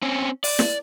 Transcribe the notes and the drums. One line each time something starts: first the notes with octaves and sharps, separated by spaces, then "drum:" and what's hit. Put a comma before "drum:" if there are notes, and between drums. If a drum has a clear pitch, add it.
C4 C#4
D5, drum: open hi-hat
drum: snare